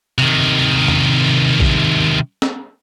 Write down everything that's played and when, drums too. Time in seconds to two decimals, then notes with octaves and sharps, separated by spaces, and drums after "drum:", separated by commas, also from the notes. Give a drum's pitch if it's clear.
0.18 C3 D#3
0.88 drum: tom E2
1.60 drum: kick A#1
2.42 drum: snare